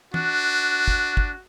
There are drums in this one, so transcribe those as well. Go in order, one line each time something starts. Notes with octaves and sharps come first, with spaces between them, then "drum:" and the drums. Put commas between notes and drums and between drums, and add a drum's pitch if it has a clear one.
D4 F#4, drum: tom E3
drum: kick
drum: kick